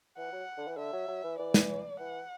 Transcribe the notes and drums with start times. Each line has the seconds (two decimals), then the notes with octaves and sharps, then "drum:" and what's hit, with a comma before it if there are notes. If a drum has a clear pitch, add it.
0.17 E3 F#5
0.33 F#3
0.57 D3
0.68 E3
0.77 D3 E5
0.93 F#3
1.08 F#3
1.24 E3
1.38 E3 D5
1.54 drum: snare
2.00 E3 F#5